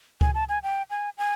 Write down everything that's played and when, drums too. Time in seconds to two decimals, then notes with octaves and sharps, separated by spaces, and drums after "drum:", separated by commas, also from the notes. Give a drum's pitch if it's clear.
0.21 G#5, drum: kick C#2
0.35 A5
0.49 G#5
0.63 G5
0.90 G#5
1.18 G#5